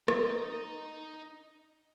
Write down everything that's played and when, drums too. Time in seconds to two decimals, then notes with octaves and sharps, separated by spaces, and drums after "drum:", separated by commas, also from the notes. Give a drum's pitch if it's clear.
0.08 D#4 D#5, drum: rim click